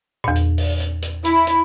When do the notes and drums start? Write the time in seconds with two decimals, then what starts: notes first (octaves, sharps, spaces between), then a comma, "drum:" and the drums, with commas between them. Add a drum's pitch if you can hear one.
0.24 E2 A#2
0.36 drum: hi-hat
0.58 drum: open hi-hat
0.80 drum: hi-hat
1.02 drum: hi-hat
1.25 E4, drum: hi-hat
1.47 drum: hi-hat